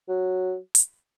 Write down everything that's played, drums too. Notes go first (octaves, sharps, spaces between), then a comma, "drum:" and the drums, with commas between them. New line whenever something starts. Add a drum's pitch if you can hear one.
F#3
drum: hi-hat